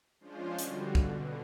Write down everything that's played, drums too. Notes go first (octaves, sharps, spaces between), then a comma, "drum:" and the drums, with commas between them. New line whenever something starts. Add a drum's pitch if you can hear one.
F3 G#3 C#4 D4 F4 C5
D3 G3 F#4, drum: hi-hat
B2 D3, drum: kick